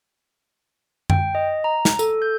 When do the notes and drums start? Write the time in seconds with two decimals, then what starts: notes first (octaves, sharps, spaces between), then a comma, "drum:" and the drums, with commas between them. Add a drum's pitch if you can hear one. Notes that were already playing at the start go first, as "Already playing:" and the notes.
1.10 G5, drum: tom F#2
1.35 D#5
1.64 A#5
1.85 drum: snare
1.99 A4, drum: tambourine
2.22 G6